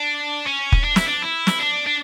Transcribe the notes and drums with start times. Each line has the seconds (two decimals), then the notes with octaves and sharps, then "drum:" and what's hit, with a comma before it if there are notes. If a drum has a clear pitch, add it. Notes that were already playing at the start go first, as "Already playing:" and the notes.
Already playing: D4
0.47 C#4
0.72 drum: kick
0.84 D4
0.96 E4, drum: snare
1.06 D4
1.22 E4
1.47 drum: snare
1.59 D4
1.86 D4